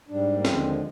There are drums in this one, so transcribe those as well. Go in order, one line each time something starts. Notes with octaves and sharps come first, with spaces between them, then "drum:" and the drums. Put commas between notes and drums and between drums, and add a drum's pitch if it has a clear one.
G#2 G3 D4
A#3
D#2 D3 F3 G#3 C4, drum: snare